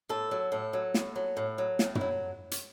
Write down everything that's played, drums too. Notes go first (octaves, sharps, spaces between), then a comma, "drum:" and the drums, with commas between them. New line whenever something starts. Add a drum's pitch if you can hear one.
A2 A4
F#3
A2 A4
F#3
A2, drum: snare
F#3
A2
F#3
A2, drum: snare
E4, drum: tom
F#3
drum: hi-hat